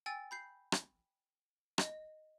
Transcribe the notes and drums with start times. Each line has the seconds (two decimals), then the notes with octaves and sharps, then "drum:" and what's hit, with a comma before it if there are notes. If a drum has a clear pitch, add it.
0.06 G5 G#5 E6 A6
0.31 B5 G6 C7
0.72 drum: rim click
1.78 D#5 A#6, drum: rim click